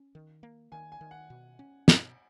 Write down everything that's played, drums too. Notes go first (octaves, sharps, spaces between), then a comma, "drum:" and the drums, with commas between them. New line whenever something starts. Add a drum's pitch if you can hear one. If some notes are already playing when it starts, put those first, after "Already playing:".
Already playing: C#4
D#3
A#3
D#3 G#5
G#5
D#3
F#5
B2
C#4
B2, drum: snare